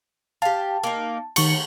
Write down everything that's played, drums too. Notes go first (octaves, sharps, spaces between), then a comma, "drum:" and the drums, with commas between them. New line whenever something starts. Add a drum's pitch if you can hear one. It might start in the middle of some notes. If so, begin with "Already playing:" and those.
G4 F5 A5
A#3 D#4
D#3 A3 C#6 C#7, drum: cymbal